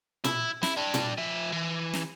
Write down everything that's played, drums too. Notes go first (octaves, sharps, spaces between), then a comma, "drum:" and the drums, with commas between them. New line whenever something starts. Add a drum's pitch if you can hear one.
E4, drum: tom A#2
E4, drum: snare
G3 D4
drum: tom A#2
F3 E5
E3
drum: snare